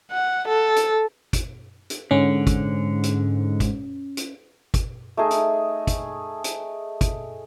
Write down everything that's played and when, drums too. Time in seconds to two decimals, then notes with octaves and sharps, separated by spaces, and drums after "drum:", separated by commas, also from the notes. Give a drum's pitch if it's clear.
0.11 F#5
0.48 A4
0.76 drum: hi-hat
1.33 drum: kick, hi-hat
1.90 drum: hi-hat
2.11 G#2 D3 C#4
2.47 drum: kick, hi-hat
3.03 drum: hi-hat
3.60 drum: kick, hi-hat
4.17 drum: hi-hat
4.74 drum: kick, hi-hat
5.17 A3 D#4 G#4
5.31 drum: hi-hat
5.87 drum: kick, hi-hat
6.44 drum: hi-hat
7.01 drum: kick, hi-hat